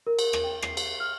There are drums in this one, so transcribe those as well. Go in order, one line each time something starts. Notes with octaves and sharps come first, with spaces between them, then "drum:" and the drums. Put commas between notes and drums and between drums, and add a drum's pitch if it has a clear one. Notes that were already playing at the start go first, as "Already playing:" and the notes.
A#4
drum: cymbal
drum: rim click
G5
C7, drum: rim click
drum: cymbal
F6